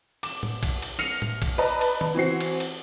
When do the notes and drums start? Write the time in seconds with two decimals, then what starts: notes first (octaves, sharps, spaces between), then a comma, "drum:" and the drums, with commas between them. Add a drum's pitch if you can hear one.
0.23 D6 E7, drum: cymbal
0.43 drum: tom A2
0.63 drum: kick B1, cymbal
0.82 drum: cymbal
0.99 F6 A#6 C7 C#7 D#7 F7
1.22 drum: tom A2
1.42 drum: kick B1, cymbal
1.58 B4 D5 D#5 A5 A#5
1.81 drum: cymbal
2.01 drum: tom
2.15 E3 C4 F#4 C7
2.40 drum: cymbal
2.60 drum: cymbal